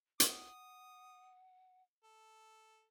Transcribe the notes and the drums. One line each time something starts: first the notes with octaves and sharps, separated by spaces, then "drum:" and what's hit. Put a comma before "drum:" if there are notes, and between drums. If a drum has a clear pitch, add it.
F#5 D#6, drum: hi-hat
A4